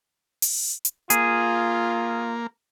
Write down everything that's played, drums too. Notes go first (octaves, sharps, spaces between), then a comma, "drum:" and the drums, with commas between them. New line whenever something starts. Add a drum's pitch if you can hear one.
drum: open hi-hat
drum: hi-hat
A#3 F4 G#4, drum: hi-hat